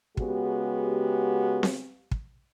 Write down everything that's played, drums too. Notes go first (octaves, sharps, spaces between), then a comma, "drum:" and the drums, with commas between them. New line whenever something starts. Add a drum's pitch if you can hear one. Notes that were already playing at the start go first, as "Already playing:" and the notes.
C#3 G#3 B3 F#4 G4, drum: kick
drum: snare C4
drum: kick